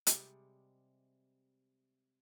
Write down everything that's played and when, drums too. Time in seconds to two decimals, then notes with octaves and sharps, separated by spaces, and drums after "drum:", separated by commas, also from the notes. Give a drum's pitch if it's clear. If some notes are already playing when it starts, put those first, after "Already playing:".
0.07 C3 G3 G#3, drum: hi-hat